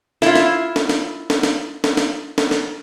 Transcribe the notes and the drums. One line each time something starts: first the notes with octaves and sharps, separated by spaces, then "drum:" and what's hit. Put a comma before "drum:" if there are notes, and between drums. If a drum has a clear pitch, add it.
E4 F4, drum: snare
drum: snare
drum: snare
drum: snare
drum: snare
drum: snare
drum: snare
drum: snare
drum: snare
drum: snare